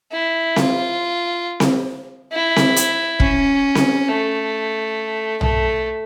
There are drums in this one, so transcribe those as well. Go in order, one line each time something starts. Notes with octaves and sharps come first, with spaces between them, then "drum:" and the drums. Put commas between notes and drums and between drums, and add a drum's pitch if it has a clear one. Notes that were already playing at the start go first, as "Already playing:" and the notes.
E4
F4, drum: snare C4
drum: snare C4
E4
drum: snare C4
drum: hi-hat
C#4, drum: kick
drum: snare C4
A3
A3, drum: tom